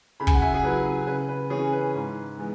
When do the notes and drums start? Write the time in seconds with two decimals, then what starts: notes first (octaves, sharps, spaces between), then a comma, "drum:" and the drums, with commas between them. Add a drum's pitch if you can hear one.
0.20 C#3 B5
0.27 G#5, drum: kick
0.34 F#5
0.42 E5 G#5
0.54 G#4
0.64 F#3 E4 B4
1.07 C#3 B4
1.29 B4
1.50 E3 G#4 C#5
1.55 C#4
1.73 B4
1.95 G#2
2.37 E3 G#3 B3